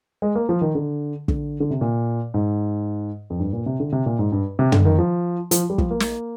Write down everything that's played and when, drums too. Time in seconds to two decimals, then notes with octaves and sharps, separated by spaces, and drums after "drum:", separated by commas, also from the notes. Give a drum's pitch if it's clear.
0.22 G#3
0.35 A#3
0.49 F3
0.61 D#3
0.75 D3
1.28 D3, drum: kick
1.60 D3
1.71 C3
1.81 A#2
2.34 G#2
3.30 F2
3.40 G2
3.53 A#2
3.66 C3
3.80 D3
3.93 C3
4.06 A#2
4.19 G#2
4.32 G2
4.59 C3
4.72 D3, drum: tom
4.85 D#3
4.99 F3
5.51 F3, drum: hi-hat
5.70 G3
5.78 F3, drum: kick
5.91 A#3
6.00 drum: snare